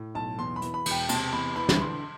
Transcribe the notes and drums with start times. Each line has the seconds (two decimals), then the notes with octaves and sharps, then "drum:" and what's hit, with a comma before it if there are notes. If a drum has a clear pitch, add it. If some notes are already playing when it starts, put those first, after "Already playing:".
Already playing: A2
0.15 B1 A5
0.38 E2 C6
0.56 B5
0.62 E3, drum: hi-hat
0.74 B5
0.86 E1, drum: cymbal
0.91 G5
1.09 C3 A5, drum: cymbal
1.33 E2 B5
1.56 E3 B5
1.69 drum: snare
1.79 D3 C6